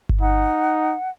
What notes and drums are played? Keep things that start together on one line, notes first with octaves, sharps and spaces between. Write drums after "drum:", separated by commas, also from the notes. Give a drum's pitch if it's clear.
drum: kick G1
D#4 F#5